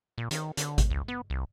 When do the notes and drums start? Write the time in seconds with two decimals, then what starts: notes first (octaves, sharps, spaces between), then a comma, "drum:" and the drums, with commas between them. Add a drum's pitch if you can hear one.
0.18 A#2
0.31 D#3, drum: hi-hat
0.57 D3, drum: hi-hat
0.78 drum: kick G#1, hi-hat
0.90 C#2
1.08 B3
1.30 C2